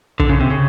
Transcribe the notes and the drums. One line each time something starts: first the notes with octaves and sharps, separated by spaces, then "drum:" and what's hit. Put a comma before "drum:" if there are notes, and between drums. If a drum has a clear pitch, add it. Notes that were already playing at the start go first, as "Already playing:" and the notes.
D3, drum: kick
C#3
C3
C#3